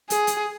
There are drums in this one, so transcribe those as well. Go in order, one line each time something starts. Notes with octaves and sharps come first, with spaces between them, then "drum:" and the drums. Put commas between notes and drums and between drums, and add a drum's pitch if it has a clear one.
G#4, drum: hi-hat
drum: hi-hat